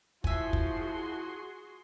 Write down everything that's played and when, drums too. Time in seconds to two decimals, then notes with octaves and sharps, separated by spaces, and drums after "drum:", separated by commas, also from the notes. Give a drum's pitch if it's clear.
0.24 F3 E4 F#4 G#4 E5 G#5 C6, drum: kick
0.53 drum: kick